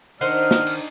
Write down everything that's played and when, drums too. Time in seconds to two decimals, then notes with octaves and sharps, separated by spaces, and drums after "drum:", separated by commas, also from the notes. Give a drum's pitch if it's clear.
0.21 D#3 D4 D#4 C5 F#5 F6
0.51 drum: snare
0.67 drum: cymbal